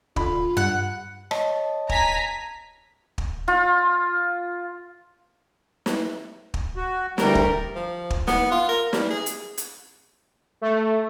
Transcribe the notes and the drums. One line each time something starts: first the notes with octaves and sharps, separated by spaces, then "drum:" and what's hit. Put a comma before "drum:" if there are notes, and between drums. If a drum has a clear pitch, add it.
D3 F4 B5, drum: kick
G2 F#5
C#5 D#5 A5, drum: rim click
G#5 A#5 B6, drum: kick
drum: kick
F4
drum: snare
drum: kick
F#4
D2 G3 G4 A#4, drum: snare
drum: kick
F3
drum: kick
B3, drum: snare
F4
A#4
G3, drum: snare
G#4
drum: hi-hat
drum: hi-hat
A3